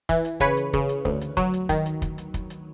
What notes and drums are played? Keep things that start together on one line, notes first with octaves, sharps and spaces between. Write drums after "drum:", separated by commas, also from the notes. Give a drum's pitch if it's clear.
E3, drum: kick, hi-hat
drum: hi-hat
C#3 B4 C#5, drum: kick, hi-hat
drum: hi-hat
C#3, drum: kick, hi-hat
drum: hi-hat
D2, drum: kick
drum: hi-hat
F#3, drum: kick, hi-hat
drum: hi-hat
D#3, drum: kick, hi-hat
drum: hi-hat
drum: kick, hi-hat
drum: hi-hat
drum: kick, hi-hat
drum: hi-hat